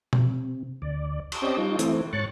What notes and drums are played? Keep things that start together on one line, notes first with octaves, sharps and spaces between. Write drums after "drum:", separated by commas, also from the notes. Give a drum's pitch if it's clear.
C3, drum: tom B2
D2 D5
drum: cymbal
C4 C#4 G4 C5 D5 D#5
G3 D#4 F4
E3 A3 C4 E4, drum: hi-hat
G#2 C#5 C#6 F#6 A6